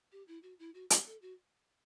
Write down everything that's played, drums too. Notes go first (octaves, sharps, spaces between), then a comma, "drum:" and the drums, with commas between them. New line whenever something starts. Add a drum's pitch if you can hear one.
G4
E4
F#4
E4
F#4
G4, drum: hi-hat
A4
F#4